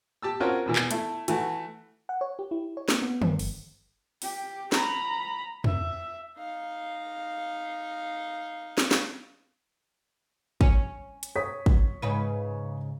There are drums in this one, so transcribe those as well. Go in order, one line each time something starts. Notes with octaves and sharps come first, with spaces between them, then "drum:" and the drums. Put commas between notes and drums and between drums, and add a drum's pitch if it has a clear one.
G4 A5 E6
C4 C#4 F4 F#4 A#4 C#5
E2 B2 E3
drum: clap
A3 E4, drum: hi-hat
E3 A3 F#4, drum: hi-hat
F#5
C#5
G4
E4
C#5
A#3, drum: snare
B3
G2, drum: tom
G1, drum: open hi-hat
G4, drum: open hi-hat
A#5 B5, drum: snare
E5, drum: tom
D#4 F5
drum: snare
drum: snare
C#4, drum: kick
drum: hi-hat
C#5 D#6 B6
drum: kick
G#2 C#3 B4